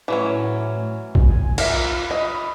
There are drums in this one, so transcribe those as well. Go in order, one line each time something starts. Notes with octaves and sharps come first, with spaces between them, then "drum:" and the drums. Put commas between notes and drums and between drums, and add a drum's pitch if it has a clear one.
A2 E3 F#3 C#4
G#5, drum: kick
F4 A#4 E5, drum: cymbal
D#5 B5